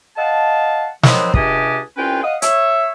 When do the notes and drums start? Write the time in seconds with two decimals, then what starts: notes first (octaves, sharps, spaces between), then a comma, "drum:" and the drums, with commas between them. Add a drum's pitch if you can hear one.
0.17 D#5 F5 F#5 A5
1.03 D#3 F3 F#3 G#3 B3 C4, drum: snare
1.34 C#2 C3 D4 G4 G#5 D#6, drum: kick
1.97 C2 C#4 F4 B4 G5
2.23 D#5 F5 F#5 D#6
2.42 C#5 E5, drum: hi-hat